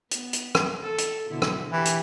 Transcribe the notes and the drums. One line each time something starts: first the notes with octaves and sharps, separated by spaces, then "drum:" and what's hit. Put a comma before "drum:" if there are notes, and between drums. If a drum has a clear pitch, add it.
B3, drum: hi-hat
drum: hi-hat
drum: rim click
A4
drum: hi-hat
B2 D3 E4
drum: rim click
E3 G4
drum: hi-hat